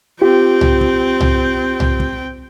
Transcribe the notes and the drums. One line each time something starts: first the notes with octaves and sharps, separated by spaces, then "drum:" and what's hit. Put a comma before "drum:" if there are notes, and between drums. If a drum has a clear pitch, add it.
C4 F4 G4 G5
drum: tom C2
drum: kick
drum: tom C2
drum: tom C2
drum: kick